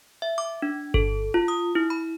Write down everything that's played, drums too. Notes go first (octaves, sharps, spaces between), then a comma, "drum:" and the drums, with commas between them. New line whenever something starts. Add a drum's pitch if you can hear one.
E5
D6
D4
A4, drum: kick G1
F4
D#6
E4
B5